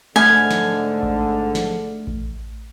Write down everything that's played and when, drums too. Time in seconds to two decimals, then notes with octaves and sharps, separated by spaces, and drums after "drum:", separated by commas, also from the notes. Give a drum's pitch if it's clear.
0.16 G#2 D3 A3 G#5 F6
0.51 drum: snare
1.03 drum: kick A1
1.55 drum: snare
2.07 drum: kick A1